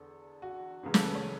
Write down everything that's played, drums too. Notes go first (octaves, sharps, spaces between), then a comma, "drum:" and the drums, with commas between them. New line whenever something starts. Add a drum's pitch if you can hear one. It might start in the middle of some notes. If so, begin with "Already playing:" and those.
Already playing: E2 D3 A4
F#4
C#2 C#3 E3 G#4
A4, drum: snare
B4
C#5